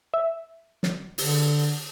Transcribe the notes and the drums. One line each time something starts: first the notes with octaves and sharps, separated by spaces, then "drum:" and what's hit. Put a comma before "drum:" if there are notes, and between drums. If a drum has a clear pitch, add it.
E5
drum: snare
D3, drum: open hi-hat